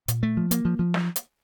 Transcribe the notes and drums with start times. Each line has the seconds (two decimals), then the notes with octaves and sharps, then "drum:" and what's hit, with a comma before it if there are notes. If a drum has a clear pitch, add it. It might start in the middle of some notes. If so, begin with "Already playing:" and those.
0.08 A#2, drum: hi-hat
0.23 A3
0.37 F3
0.51 A#3, drum: hi-hat
0.65 F3
0.79 F3
0.94 drum: snare
1.16 drum: hi-hat